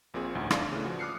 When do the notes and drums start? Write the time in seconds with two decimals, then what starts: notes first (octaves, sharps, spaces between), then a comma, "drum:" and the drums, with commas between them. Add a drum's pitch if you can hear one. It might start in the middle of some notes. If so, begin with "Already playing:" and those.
0.14 A#1 A#2 C4 G#4
0.35 A1 D2 G#2
0.51 D4 E4 D5 F5, drum: rim click
0.72 C#3 E3 A3
0.85 F3 F#4
0.99 D6 D#6 F6 F#6 C7 C#7